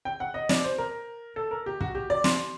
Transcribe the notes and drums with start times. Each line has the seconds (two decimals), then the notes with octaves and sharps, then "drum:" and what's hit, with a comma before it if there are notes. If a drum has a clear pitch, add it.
0.05 G5
0.20 F#5
0.34 D#5
0.49 D5, drum: snare
0.64 C5
0.78 A#4
1.36 A4
1.51 A#4
1.66 G4
1.81 F#4, drum: kick
1.95 G4
2.10 D5
2.24 C6, drum: snare